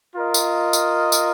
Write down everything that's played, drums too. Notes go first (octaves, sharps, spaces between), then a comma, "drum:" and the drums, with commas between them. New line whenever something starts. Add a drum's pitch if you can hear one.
F4 A#4 D#5
drum: tambourine
drum: tambourine
drum: tambourine